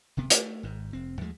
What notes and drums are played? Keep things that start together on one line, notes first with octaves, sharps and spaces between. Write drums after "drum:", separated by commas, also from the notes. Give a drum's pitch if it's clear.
D1 C3 B3
A3, drum: hi-hat
G#1 G#2
F1 C4
D#2 F3 G#3 A3